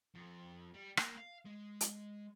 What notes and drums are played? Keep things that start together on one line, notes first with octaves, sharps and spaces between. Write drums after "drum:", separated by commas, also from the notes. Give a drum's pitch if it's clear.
F2
G3
A#3, drum: rim click
F5
G#3
drum: hi-hat